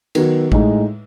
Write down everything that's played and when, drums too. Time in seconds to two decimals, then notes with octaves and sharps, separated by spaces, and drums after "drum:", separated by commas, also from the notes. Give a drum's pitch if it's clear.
0.15 D#3 F#3 B3 F#4, drum: cymbal
0.52 A2 G#3 D#4, drum: kick A1